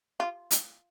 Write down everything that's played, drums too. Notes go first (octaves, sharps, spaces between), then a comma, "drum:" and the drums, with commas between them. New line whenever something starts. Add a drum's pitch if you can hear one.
F4
drum: hi-hat